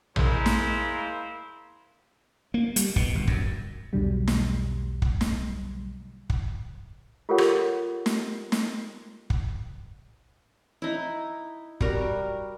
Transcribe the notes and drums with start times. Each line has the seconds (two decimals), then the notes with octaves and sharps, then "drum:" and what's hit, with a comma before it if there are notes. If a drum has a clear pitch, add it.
0.16 G#3 A#3 E4 A#4 C5, drum: tom A#1
0.46 drum: snare
2.54 A#3
2.76 G3, drum: hi-hat
2.96 B2, drum: kick
3.15 G1
3.27 F#2, drum: kick
3.93 B1 E2 B2 D3 F#3 G3
4.28 drum: snare
5.02 drum: kick
5.21 drum: snare
6.30 drum: kick
7.29 F4 G4 A4 A#4 C#5 F#5
7.38 drum: rim click
8.06 drum: snare
8.52 drum: snare
9.30 drum: kick
10.82 D#4 E4
11.81 G3 F#4 A#4, drum: kick